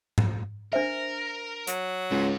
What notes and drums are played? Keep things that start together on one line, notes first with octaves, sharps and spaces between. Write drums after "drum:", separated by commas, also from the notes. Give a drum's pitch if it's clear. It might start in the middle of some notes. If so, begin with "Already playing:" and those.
drum: tom G#2
D4 A#4 C5 E5
F#3, drum: hi-hat
C#2 G#2